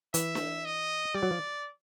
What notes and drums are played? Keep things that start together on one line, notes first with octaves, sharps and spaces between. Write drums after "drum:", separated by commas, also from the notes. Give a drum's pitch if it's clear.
E3 E5, drum: hi-hat
drum: snare
D#5
G3 D5
F#3
F3